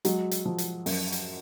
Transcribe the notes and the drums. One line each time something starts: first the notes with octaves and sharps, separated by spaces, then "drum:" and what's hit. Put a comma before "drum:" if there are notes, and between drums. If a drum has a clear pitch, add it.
F#3 G#3 F#4, drum: hi-hat
drum: hi-hat
F3
drum: hi-hat
F#2, drum: open hi-hat
drum: hi-hat